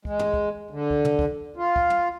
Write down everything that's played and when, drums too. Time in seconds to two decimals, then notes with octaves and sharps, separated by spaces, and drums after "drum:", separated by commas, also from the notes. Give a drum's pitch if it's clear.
0.05 G#3, drum: kick
0.19 drum: tom
0.34 drum: kick
0.71 D3
0.90 drum: kick
1.05 drum: tom
1.19 drum: kick
1.56 F4
1.76 drum: kick
1.90 drum: tom